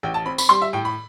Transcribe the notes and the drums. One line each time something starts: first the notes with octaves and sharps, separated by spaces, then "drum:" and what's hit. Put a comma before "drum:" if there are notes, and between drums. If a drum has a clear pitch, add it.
A1 G5
A5
C4 B5
B5, drum: tambourine
G3 C6
E5
A2 G5
B5